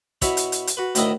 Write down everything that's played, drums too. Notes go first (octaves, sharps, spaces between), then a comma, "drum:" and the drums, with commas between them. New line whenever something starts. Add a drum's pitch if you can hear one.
B2 E4 C#5 B5, drum: kick, hi-hat
drum: hi-hat
drum: hi-hat
drum: hi-hat
F#4 B4
D2 A2 D#3 E4 D#5 D#6, drum: hi-hat